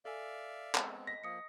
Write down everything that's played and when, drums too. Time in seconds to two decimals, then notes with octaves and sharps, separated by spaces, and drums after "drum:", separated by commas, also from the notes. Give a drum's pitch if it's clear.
0.05 A4 D5 E5 F5 G#5
0.75 G#3 B3 C4, drum: clap
1.07 D#5 A#6 B6
1.24 F3 A#3 D#6 C#7